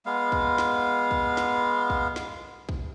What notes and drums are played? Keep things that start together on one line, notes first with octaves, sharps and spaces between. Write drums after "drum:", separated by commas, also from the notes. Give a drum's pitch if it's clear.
G#3 B3 F5
drum: kick
drum: snare
drum: kick
drum: snare
drum: kick
drum: snare
drum: kick